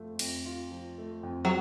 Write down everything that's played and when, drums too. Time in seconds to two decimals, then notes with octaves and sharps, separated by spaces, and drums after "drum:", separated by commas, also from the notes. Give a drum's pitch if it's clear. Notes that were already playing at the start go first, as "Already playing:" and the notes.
Already playing: F2 F3 A3 F4
0.19 F2, drum: cymbal
0.46 F4
0.71 F3
0.98 A3
1.23 F2
1.45 F#3